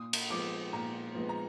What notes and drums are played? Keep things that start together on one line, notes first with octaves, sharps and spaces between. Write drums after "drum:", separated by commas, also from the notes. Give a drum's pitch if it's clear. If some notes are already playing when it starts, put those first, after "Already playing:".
Already playing: A#2 D#6
drum: cymbal
F3 G#3 B3 D6
A#2 A#5
F3 G#3 B3
A#5